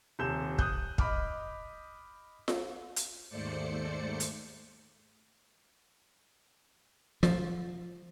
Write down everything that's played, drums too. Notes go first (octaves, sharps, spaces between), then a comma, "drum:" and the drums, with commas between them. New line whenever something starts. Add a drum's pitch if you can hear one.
D#1 C3 G6 E7
D#6 F#6 G6, drum: kick
D#5 B5 D6 F6, drum: kick
drum: snare F4
drum: hi-hat
D#2 G#2 A3 C5 D5 C#7
drum: hi-hat
F3, drum: snare F4